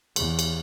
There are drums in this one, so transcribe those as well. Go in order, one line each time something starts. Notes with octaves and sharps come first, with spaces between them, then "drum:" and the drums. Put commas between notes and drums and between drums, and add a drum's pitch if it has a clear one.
E2, drum: cymbal
drum: cymbal